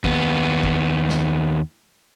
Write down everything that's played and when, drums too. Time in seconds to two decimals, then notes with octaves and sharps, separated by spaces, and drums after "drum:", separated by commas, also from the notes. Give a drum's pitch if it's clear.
0.04 D#2 B3, drum: kick
0.63 drum: kick
1.09 drum: snare